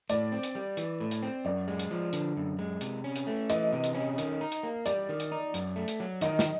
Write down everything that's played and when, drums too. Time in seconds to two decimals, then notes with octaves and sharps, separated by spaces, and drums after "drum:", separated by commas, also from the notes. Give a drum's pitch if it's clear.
0.09 A2 D5, drum: hi-hat
0.32 C4
0.43 drum: hi-hat
0.55 G3
0.77 E3, drum: hi-hat
1.00 A2
1.11 drum: hi-hat
1.23 C4
1.45 F#2 D5
1.68 G#3
1.79 drum: hi-hat
1.91 F3
2.13 D3, drum: hi-hat
2.37 F#2
2.59 G#3
2.81 C3, drum: hi-hat
3.04 C#4
3.16 drum: hi-hat
3.27 A3
3.50 E3 D#5, drum: hi-hat
3.72 C3
3.84 drum: hi-hat
3.95 C#4
4.18 D#3, drum: hi-hat
4.41 D#4
4.52 drum: hi-hat
4.63 A#3
4.86 G3 D5, drum: hi-hat
5.09 D#3
5.20 drum: hi-hat
5.32 D#4
5.54 F#2, drum: hi-hat
5.76 A3
5.88 drum: hi-hat
6.00 F#3
6.21 D#3 D#5, drum: hi-hat
6.39 drum: snare